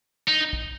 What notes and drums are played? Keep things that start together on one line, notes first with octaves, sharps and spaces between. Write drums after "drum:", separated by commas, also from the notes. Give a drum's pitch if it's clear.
D#4
drum: kick